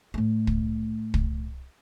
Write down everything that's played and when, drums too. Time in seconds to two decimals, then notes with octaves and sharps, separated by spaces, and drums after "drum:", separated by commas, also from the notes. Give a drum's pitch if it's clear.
0.14 A2 A3
0.47 drum: kick
1.14 drum: kick